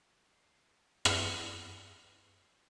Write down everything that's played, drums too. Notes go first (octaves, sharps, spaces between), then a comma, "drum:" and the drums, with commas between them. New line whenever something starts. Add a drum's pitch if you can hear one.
C6
drum: rim click
C#6
C6
C#6
C6
C#6
C6
C6